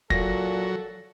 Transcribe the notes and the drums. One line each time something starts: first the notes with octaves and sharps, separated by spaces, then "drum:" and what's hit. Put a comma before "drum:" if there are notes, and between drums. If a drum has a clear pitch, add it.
A#2 F#3 A4 A#6, drum: kick